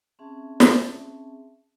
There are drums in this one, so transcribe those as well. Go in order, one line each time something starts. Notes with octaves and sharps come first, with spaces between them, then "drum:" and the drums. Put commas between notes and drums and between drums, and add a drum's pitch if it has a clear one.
C4 C#4 G#4 E5 A5
drum: snare